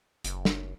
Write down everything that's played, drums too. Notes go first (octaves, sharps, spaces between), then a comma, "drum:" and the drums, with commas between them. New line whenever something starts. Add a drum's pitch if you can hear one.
F#1, drum: hi-hat
drum: snare